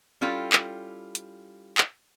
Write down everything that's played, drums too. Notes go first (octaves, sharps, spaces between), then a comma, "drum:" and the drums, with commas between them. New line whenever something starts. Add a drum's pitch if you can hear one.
G3 C#4 E4 F4 A4 G5
drum: clap
drum: hi-hat
drum: clap